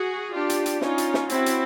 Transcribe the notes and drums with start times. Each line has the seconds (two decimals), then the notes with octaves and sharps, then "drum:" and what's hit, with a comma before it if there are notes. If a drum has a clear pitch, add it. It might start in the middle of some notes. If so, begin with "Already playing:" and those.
Already playing: F#4 G#4
0.33 D4 F4 G4
0.50 drum: hi-hat
0.66 drum: hi-hat
0.81 C#4 D#4 F4, drum: snare
0.98 drum: hi-hat
1.14 drum: snare
1.29 C4 E4 F#4, drum: hi-hat
1.46 drum: hi-hat